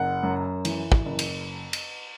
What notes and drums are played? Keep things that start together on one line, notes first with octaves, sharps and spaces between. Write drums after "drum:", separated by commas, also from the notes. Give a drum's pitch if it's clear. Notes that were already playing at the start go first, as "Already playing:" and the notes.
Already playing: F#1 F#5
F#2
E3, drum: cymbal
drum: kick
F#1
drum: cymbal
drum: cymbal